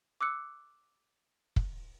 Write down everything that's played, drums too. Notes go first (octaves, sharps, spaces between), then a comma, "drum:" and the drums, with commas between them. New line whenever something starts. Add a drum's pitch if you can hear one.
D6 E6 F#6 C#7
drum: kick